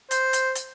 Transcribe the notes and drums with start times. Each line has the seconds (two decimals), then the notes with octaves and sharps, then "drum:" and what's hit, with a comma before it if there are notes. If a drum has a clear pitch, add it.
0.11 C5, drum: hi-hat
0.33 drum: hi-hat
0.55 drum: hi-hat